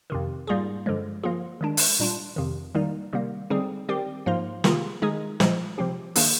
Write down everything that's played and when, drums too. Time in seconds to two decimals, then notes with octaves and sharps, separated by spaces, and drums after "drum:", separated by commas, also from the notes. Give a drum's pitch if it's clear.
0.10 F2 C3 D#3
0.47 G#2 G3 A#3 F4 G#4
0.86 G2 D3 F3 G#3
1.24 F3 A#3 F4 G#4
1.61 D#3 G#3 D4
1.77 drum: open hi-hat
2.00 A#2 G3 D4 F4
2.36 F2 C3 D#3
2.75 D#3 G3 A#3 D#4
3.13 C3 D#3 G3 A#3
3.50 D3 G3 C4 D#4 G#4
3.89 D#3 G3 C4 G4
4.26 G#2 F3 A#3 F4
4.64 C3 D#3 A#3 F4 G#4, drum: snare
5.02 D#3 G#3 D#4 G#4
5.40 A#2 F3 G#3, drum: snare
5.78 C3 F3 C4 G4
6.16 D#3 A#3 D4 G#4, drum: open hi-hat